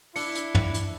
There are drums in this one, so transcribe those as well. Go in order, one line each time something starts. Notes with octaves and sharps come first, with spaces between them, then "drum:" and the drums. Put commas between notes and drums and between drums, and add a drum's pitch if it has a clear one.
D4 E4 C#7, drum: open hi-hat
drum: hi-hat
drum: tom
drum: hi-hat